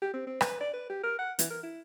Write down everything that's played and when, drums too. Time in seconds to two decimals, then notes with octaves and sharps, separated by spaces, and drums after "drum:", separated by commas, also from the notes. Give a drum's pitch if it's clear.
0.02 G4
0.14 C4
0.27 C4
0.41 B4, drum: rim click
0.60 D5
0.73 B4
0.90 G4
1.03 A#4
1.19 F#5
1.39 E3, drum: hi-hat
1.50 A#4
1.63 E4